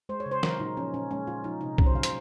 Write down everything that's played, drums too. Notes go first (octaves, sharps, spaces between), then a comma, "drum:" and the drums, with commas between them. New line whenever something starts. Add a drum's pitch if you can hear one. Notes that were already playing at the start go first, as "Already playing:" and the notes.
G#3 C5
C#5
C#3
C5
F#3 A#4, drum: snare
A#2 D#4
F3 C#4
A#2 C#4
G#3 C#4
A#2 F4
F3 D#4
C3 D#4
F#3 C#4, drum: kick
C5
A#2 F5
C5, drum: hi-hat